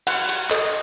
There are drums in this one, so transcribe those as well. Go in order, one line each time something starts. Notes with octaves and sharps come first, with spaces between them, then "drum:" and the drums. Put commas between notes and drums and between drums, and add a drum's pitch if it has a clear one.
F#4 F#5, drum: cymbal
F#4
G4, drum: cymbal
A4 D#5, drum: clap